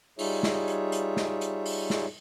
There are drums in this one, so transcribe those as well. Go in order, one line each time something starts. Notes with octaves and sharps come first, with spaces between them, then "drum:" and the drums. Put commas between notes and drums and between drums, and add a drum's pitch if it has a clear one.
G3 D#4 F4 G#4 C#5 E5, drum: open hi-hat
drum: snare
drum: hi-hat
drum: hi-hat
drum: snare
drum: hi-hat
drum: open hi-hat
drum: snare